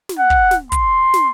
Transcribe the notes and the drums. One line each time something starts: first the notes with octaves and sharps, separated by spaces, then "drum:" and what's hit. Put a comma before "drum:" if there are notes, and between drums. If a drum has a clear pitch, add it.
drum: snare
F#5
drum: kick
drum: snare
C6, drum: kick, hi-hat
drum: snare